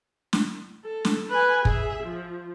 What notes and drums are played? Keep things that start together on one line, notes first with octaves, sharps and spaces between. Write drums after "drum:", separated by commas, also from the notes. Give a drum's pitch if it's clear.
drum: snare
A4
drum: snare
B4 G#5
G#4 E5, drum: kick
F3